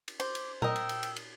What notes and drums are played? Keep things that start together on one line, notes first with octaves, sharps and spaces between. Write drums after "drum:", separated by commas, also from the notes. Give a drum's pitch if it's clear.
drum: cymbal
C5 D6, drum: cymbal
drum: cymbal
A#4 D#5 G5 E6, drum: tom A#2
drum: cymbal
drum: cymbal
drum: cymbal
drum: cymbal